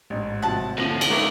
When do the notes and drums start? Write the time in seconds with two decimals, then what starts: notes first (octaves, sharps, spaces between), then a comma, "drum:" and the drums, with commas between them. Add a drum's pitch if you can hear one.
0.10 A1 G#2
0.42 C3 F3 F#3 F#5 A5
0.78 D2 F3 A#3 C#4 A4 A#6 D#7
1.01 drum: cymbal
1.10 C#2 D#3 A3 A#4 B4 E5 D6